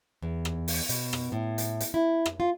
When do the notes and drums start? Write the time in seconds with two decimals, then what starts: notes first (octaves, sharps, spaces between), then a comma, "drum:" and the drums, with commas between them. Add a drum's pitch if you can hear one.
0.22 E2
0.45 drum: rim click
0.68 drum: open hi-hat
0.89 B2, drum: hi-hat
1.13 drum: rim click
1.32 A2
1.58 drum: hi-hat
1.80 drum: hi-hat
1.94 E4
2.26 drum: rim click
2.40 F4